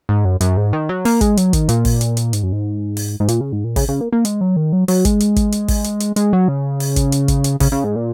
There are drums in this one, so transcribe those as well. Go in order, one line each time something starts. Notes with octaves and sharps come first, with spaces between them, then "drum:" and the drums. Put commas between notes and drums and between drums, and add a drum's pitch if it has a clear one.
G#2
F#2
F#2, drum: hi-hat
G#2
D#3
F#3
A#3, drum: open hi-hat
G#3, drum: kick, hi-hat
F#3, drum: hi-hat
D#3, drum: kick, hi-hat
A#2, drum: hi-hat
drum: kick, open hi-hat
drum: hi-hat
drum: hi-hat
G#2, drum: hi-hat
F#2
G#2
drum: open hi-hat
G#2
A#2, drum: hi-hat
C#3
G#2
A#2
C#3, drum: kick, open hi-hat
C#3
A#3
A#3
G#3, drum: hi-hat
F#3
D#3
F#3
F#3, drum: open hi-hat
G#3, drum: kick, hi-hat
drum: hi-hat
drum: kick, hi-hat
drum: hi-hat
drum: kick, open hi-hat
drum: hi-hat
drum: hi-hat
G#3, drum: hi-hat
F#3
C#3
drum: open hi-hat
drum: kick, hi-hat
drum: hi-hat
drum: kick, hi-hat
drum: hi-hat
C#3, drum: kick, open hi-hat
C#3
G#2
A#2